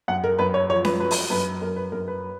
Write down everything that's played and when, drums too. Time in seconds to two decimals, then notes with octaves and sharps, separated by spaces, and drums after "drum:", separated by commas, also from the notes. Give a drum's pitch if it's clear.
0.08 F#2 F#5
0.24 A#4
0.39 F#2 B4
0.54 C#5
0.69 F3 C#5
0.85 B4, drum: snare C#4
1.00 F#3 B4
1.11 drum: open hi-hat
1.30 F#2 B4
1.62 F#2 A#4
1.76 B4
1.92 F#2 A#4
2.08 B4